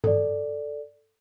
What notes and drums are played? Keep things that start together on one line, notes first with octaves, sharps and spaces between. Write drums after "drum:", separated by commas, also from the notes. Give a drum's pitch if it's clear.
A4 D5, drum: tom G2